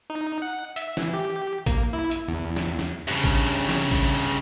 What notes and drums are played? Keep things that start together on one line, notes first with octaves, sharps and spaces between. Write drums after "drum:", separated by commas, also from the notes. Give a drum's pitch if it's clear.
D#4
F#5
E5, drum: hi-hat
E3, drum: snare
G4
A#3, drum: kick A1, hi-hat
E4
drum: hi-hat
E2
drum: snare
drum: snare
G2 C#3
drum: kick A1
drum: hi-hat
drum: snare
drum: kick A1, open hi-hat